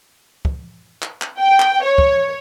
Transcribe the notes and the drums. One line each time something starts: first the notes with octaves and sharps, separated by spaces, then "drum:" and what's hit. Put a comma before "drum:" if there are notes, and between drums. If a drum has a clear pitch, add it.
drum: kick
drum: clap
drum: clap
G5
drum: clap
C#5
drum: kick